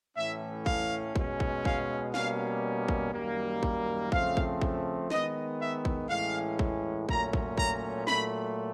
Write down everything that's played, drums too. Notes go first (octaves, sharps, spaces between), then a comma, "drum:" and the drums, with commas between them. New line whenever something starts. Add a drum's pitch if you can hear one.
A2 E3 A3 C#4 E5
F5, drum: kick
B2 G#3 C#4, drum: kick
drum: kick
F5, drum: kick
B2 G3 A#3 C#4 F5, drum: snare
drum: kick
F#2 D#3 G3 A#3
drum: kick
C#3 F3 A3 C4 F5, drum: kick
drum: kick
drum: kick
D#3 G#3 B3 D#5, drum: snare
E5
drum: kick
A2 E3 G#3 C#4 F5
drum: kick
A#2 F#3 A3 C#4 A#5, drum: kick
drum: kick
A#5, drum: kick
A#2 F#3 A3 B5, drum: snare